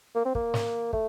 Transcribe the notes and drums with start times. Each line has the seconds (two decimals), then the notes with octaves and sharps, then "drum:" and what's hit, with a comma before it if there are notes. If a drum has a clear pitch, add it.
0.15 A#3
0.25 C4
0.35 A#3, drum: kick
0.54 drum: snare
0.93 A3, drum: kick